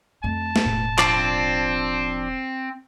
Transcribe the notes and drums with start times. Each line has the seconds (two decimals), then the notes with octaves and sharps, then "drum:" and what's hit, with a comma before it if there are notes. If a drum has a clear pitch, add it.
0.24 F2 A3 A5
0.56 drum: snare
0.65 E1 A2
0.99 F3 C4 D4 D5, drum: clap